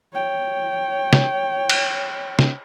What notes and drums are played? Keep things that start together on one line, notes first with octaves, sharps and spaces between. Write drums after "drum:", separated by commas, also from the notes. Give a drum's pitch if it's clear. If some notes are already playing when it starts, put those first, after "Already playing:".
C#5 G5
drum: snare
drum: cymbal
drum: snare